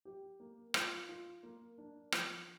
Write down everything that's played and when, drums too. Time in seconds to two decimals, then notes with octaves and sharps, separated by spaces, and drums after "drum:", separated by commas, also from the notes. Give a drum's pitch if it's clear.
0.05 G4
0.40 A#3
0.74 F4, drum: rim click
1.09 F4
1.43 A#3
1.78 D4
2.12 F3, drum: rim click